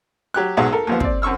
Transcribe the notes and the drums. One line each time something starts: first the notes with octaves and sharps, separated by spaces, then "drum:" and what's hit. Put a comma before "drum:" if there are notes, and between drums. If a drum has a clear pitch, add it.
F#3 G4 F#6
B1 G#2 F#3 G#4 F#5
A4 A#4
D#2 F3 B3
C4 D5, drum: kick
F#2 C4 C#6 E6 F6